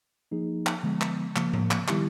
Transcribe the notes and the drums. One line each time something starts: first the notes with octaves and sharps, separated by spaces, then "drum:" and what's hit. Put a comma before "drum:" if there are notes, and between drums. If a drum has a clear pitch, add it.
F3 A#3 D#4 G#4
drum: clap
D3 F3 G#3 B3
drum: clap
C#3 F3 A#3, drum: clap
drum: tom A2
drum: clap
D#3 G3 B3 E4 G4, drum: clap